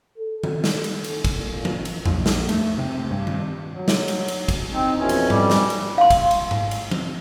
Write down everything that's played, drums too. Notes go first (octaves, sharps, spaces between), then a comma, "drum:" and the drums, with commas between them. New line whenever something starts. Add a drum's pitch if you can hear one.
A4
drum: tom D#3
drum: snare
drum: cymbal
drum: cymbal
drum: kick, cymbal
A#2
drum: tom E3
drum: cymbal
A#1, drum: tom E2
drum: snare
A3, drum: cymbal
C3
G2
drum: tom D#3
F#3
drum: snare
drum: cymbal
drum: cymbal
drum: kick, cymbal
C4 D#4
F2 B2 E3 C#4
drum: cymbal
G3, drum: tom G#2
drum: snare
drum: cymbal
F5 C6
drum: kick, cymbal
drum: cymbal
drum: tom G#2
drum: cymbal
drum: tom E3